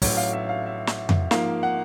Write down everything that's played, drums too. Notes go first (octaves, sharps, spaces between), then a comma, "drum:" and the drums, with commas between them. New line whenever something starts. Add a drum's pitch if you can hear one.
A1 A2 F#3 C#5, drum: kick, open hi-hat
F5
E5
F5
E5
drum: snare
drum: tom F2
G#2 F3 A#3 F5, drum: snare
F#5